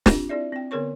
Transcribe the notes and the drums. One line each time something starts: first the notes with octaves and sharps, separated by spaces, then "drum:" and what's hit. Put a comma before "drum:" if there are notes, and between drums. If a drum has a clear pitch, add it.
C4 D4 F4 G4, drum: snare
C4 E4 G#4 D5 E5
C4 G5
D3 B3 G#4 A#4 C#5 C#6